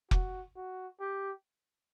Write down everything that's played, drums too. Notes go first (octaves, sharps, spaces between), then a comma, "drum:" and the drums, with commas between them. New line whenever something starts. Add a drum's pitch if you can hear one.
F#4, drum: kick F1
F#4
G4